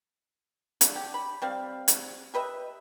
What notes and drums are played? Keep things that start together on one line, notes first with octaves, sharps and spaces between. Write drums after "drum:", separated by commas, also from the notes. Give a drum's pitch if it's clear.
D3, drum: hi-hat
G4
B5
G3 C4 F5
drum: hi-hat
G4 B4 D#5 E5